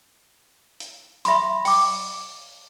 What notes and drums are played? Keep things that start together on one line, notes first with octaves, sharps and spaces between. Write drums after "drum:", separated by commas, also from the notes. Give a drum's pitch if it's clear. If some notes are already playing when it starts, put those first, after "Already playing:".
drum: hi-hat
E5 B5 C6, drum: hi-hat
G5 D6, drum: open hi-hat